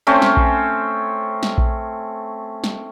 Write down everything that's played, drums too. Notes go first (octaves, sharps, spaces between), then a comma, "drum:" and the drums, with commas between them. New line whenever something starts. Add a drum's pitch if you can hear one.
A3 C4 C#4 C5
drum: snare
drum: kick A#1
drum: snare
drum: kick A#1
drum: snare